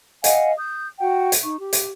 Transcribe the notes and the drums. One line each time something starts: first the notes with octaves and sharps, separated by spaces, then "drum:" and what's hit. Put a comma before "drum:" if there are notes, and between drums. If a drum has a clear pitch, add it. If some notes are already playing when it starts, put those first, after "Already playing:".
D#5 F5 F#5 G#5, drum: hi-hat
D#6 G6
F#4 F#5 G5
drum: hi-hat
D#4 C#6
G4
drum: hi-hat